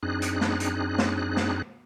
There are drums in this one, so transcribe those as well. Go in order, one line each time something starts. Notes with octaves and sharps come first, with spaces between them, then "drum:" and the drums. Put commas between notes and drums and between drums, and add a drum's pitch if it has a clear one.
F#2 C4 D4 D#4 G#4 F#6
drum: hi-hat
drum: snare
drum: hi-hat
drum: snare
drum: snare